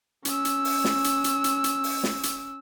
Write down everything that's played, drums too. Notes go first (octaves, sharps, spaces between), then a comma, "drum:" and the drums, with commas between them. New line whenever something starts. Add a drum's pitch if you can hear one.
C#4 E6, drum: hi-hat
drum: hi-hat
drum: open hi-hat
drum: snare
drum: hi-hat
drum: hi-hat
drum: hi-hat
drum: hi-hat
drum: open hi-hat
drum: snare
drum: hi-hat